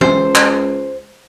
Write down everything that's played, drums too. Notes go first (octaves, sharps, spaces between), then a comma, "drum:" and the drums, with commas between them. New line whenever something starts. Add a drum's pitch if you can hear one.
C#2 C5, drum: tom
drum: clap